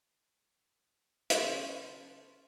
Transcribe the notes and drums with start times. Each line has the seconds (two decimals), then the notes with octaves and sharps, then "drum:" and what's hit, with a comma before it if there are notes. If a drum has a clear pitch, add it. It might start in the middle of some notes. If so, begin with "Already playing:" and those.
1.30 B1 C#3 C#4 C5 C#5, drum: hi-hat
1.83 F4 A4 B4